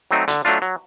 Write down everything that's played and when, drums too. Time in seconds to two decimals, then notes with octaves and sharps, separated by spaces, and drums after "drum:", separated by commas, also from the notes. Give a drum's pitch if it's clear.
0.11 F#3 A3 C4 D#4
0.28 D3, drum: hi-hat
0.45 F#3 A3 D4 F4
0.62 F#3